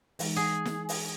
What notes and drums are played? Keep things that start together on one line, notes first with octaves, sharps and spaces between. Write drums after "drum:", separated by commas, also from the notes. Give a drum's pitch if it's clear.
E3 G#3 D#4, drum: open hi-hat
G#4 F#5
drum: snare
drum: open hi-hat